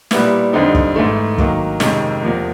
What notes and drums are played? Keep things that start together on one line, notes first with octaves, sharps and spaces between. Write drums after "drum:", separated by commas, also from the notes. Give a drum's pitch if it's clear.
A#2 G3 B3 E4, drum: snare
F2 D3 G3 C4 D#4
drum: kick
G#2 E3 A3
D#3 F#3 A#3, drum: kick
F2 C3 D#3 G#3 C#4, drum: snare
E2 C3 F3 A#3